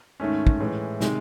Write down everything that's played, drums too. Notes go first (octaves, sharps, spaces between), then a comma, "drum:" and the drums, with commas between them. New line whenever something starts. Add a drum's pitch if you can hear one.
G#2 D#3 A3 C#4
drum: kick
A2 E3 G#3
C3 D#3 G#3, drum: snare